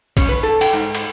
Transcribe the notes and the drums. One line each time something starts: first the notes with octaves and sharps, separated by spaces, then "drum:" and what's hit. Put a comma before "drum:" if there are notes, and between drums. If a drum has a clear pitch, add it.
C#4, drum: kick B1, cymbal
B4
A4
G5, drum: cymbal
G#2
drum: cymbal